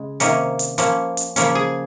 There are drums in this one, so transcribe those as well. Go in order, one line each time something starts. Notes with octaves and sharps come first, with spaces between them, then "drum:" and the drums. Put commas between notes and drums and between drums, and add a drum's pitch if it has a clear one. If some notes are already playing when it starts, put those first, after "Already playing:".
Already playing: C#3 G#3
C3 D#3 A#3 C#4, drum: hi-hat
drum: hi-hat
F3 A#3 C#4, drum: hi-hat
drum: hi-hat
C#3 F3 A#3 C#4, drum: hi-hat
G#4